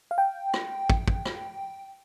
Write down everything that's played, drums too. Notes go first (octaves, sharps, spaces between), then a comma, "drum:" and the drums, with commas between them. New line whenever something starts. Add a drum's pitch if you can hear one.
F5
G5
drum: rim click
drum: kick
drum: kick
drum: rim click